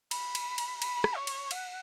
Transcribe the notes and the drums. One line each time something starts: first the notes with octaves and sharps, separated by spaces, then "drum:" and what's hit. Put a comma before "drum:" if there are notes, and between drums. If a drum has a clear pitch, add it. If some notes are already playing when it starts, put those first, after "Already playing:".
B5, drum: cymbal
drum: cymbal
drum: cymbal
B5, drum: cymbal
drum: rim click
C#5
drum: cymbal
F#5, drum: cymbal